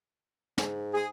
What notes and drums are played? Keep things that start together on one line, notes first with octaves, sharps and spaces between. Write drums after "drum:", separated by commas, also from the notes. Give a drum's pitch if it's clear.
G#2, drum: snare
G#4